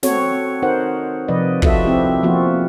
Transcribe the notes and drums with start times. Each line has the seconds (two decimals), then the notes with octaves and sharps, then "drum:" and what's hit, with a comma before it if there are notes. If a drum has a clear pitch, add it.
0.03 C4 F#4 A4 C#5, drum: snare
0.62 D#4 A#4 C5 F#5
1.28 C3 F3 B4 D5 D#5
1.62 F4 F#4 A4 E5, drum: kick
1.85 C4 E4 G4
2.23 F3 A#3 B3 F4 F#4